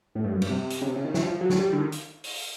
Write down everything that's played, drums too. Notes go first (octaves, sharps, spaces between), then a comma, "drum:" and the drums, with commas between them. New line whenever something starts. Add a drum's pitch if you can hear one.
A2
G2
F#2
G2, drum: cymbal
C3
drum: hi-hat
C#3
C3
C#3
D#3
E3, drum: snare
F3
F#3
drum: snare
G3
D3
D#3
drum: hi-hat
drum: open hi-hat